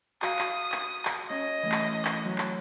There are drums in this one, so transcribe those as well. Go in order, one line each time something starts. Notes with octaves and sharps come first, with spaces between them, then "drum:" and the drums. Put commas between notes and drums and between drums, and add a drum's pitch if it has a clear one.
F#4 F5 D#6, drum: clap
drum: clap
drum: clap
drum: clap
C#4 D#5
E3 A3 C#4
drum: clap
drum: clap
F#3
drum: clap